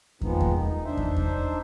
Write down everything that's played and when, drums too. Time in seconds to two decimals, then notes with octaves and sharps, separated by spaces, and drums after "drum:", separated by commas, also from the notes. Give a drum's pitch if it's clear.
0.21 A#2 D#3 F3 G#3 B3 D#4, drum: kick
0.40 drum: kick
0.57 D#4
0.85 D4 D#4 C5 E5
0.97 drum: kick
1.16 drum: kick